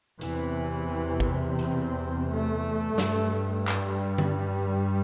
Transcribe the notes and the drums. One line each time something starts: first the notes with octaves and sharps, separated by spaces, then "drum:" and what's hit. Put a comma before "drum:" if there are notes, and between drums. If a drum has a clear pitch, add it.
E2 C3 E3, drum: hi-hat
drum: kick
C4, drum: hi-hat
A3
G2, drum: snare
G3, drum: clap
drum: tom D3